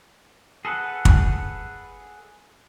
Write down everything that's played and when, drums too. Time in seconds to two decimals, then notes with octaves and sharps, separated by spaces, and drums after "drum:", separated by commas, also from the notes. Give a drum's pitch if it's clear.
0.65 G#4 A4 B4 F#5
1.05 drum: kick